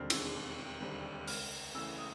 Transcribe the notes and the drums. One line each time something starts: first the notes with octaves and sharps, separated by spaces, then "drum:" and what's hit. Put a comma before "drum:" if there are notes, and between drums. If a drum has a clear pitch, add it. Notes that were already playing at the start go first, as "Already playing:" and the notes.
Already playing: E1 D#2 D3 G3 C4 F6
E6, drum: cymbal
E1
D#2 D3 G3 C4
C#2 F6, drum: open hi-hat
C#3 E3 A3 E6
D#6